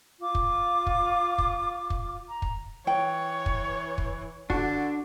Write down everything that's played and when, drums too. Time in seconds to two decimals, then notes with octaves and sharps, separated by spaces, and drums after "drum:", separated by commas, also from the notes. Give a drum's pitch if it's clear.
0.20 F4 D6
0.35 drum: kick
0.87 drum: kick
1.38 drum: kick
1.90 drum: kick
2.29 A#5
2.42 drum: kick
2.87 E3 C#5 G5
3.46 drum: kick
3.98 drum: kick
4.50 D3 D4 F#4, drum: kick